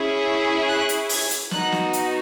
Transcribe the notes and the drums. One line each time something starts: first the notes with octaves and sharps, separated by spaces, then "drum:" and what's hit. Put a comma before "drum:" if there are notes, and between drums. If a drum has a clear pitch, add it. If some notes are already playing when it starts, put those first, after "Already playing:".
Already playing: C#4 E4 G#4
F#6
drum: hi-hat
G#6, drum: open hi-hat
drum: hi-hat
B3 D#4 F#4 F#6, drum: snare
drum: snare
drum: hi-hat